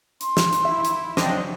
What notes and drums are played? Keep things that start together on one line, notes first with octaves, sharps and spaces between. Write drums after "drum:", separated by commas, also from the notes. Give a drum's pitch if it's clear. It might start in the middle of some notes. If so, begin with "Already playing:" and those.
C6, drum: hi-hat
drum: snare
drum: hi-hat
E4 E5
drum: hi-hat
C#3 F3 F#3 C4 D4 D#5, drum: snare